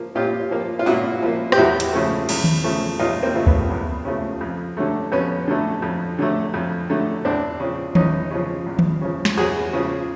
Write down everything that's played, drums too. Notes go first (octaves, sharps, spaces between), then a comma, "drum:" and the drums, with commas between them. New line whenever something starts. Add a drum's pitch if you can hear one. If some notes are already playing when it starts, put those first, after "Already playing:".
Already playing: F3 A#3
A#2 F4 G4
F3 A#3
F4
A#2 E4 F#4
F3 A#3
G4, drum: rim click
E2 E4 F#4
drum: hi-hat
C#3 F3 A3
E2, drum: cymbal
drum: tom D#3
C#3 F3 A3
E2 D#4 F4
A#3 C4
C#3 F3 A3
B3, drum: kick C#2
E2
C#3 F3 A3
F2
D3 F#3 A3
F2 B3 C#4
D3 F#3 A3
F2
D3 F#3 A3
F2
D3 F#3 A3
E2 C4 D4
C#3 F3
E2 C#4 D#4, drum: tom D#3
C#3 F3
E2
drum: tom D#3
C#3 F3
drum: snare
E2 F#4 G#4
C#3 F3